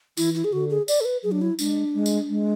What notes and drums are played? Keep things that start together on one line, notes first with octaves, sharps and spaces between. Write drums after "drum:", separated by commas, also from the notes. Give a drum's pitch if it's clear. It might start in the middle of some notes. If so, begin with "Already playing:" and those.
E3 E4, drum: tambourine
E4
G#4
D3 F#4
G#4
D5, drum: tambourine
A4
B4
F#3 G#4
D4
E4
G#3 D4, drum: tambourine
G#3
drum: tambourine
G#3